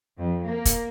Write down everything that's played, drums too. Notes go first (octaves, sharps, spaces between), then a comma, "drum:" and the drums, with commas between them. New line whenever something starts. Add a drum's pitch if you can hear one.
F2
A#3
drum: kick, hi-hat